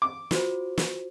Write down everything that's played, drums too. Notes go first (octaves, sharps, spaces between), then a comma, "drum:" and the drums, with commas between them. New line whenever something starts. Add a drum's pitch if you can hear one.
D6
F4 F#4 C5, drum: snare
drum: snare